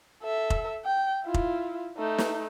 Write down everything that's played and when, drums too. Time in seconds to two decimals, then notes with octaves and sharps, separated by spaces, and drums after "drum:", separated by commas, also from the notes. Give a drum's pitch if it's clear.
0.22 A4 E5
0.50 drum: kick F1
0.85 G5
1.24 E4 F4
1.34 drum: kick F1
1.97 A3 D#4
2.18 drum: snare